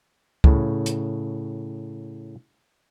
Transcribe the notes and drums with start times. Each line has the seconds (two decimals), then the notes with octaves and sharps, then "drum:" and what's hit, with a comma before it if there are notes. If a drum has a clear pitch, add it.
0.44 A2 C#3, drum: kick
0.86 drum: hi-hat